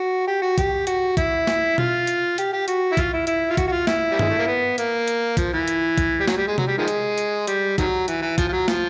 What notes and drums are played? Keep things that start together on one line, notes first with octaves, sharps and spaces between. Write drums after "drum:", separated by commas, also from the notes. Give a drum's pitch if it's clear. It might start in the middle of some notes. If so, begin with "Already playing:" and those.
Already playing: F#4
G4
F#4
G4, drum: kick, hi-hat
F#4, drum: hi-hat
E4, drum: kick, hi-hat
drum: snare
F4, drum: tom B2
drum: hi-hat
G4, drum: hi-hat
G4
F#4, drum: hi-hat
E4
F4, drum: kick, hi-hat
E4
E4, drum: hi-hat
F4
F#4, drum: kick, hi-hat
F#4
F4
E4, drum: snare
G3
G#3, drum: tom G2
A3
A#3
B3
A#3, drum: hi-hat
drum: hi-hat
F3, drum: kick, hi-hat
E3
drum: hi-hat
drum: kick, hi-hat
G3
F#3, drum: snare
G3
G#3
F#3, drum: tom C3
G3
D#3 F3 G#3
drum: hi-hat
drum: hi-hat
G3, drum: hi-hat
D#3 F#3, drum: kick, hi-hat
E3, drum: hi-hat
E3
F3, drum: kick, hi-hat
F3
F#3
F3, drum: snare